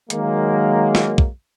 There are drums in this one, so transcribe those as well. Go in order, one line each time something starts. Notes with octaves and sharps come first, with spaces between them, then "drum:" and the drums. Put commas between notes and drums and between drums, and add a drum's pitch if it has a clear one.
D#3 F#3 G#3 A#3, drum: hi-hat
drum: snare
drum: kick